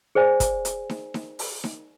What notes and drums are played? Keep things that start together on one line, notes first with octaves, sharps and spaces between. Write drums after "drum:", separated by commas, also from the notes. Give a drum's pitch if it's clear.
G#4 C5 D5 G#5
drum: kick, hi-hat
drum: hi-hat
drum: snare D#4
drum: snare D#4
drum: open hi-hat
drum: snare D#4